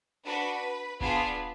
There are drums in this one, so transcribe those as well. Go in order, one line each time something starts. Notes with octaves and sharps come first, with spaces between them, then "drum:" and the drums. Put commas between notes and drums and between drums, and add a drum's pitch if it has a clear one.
D4 F#4 B4
B3 D4 F4 G#4 B4, drum: kick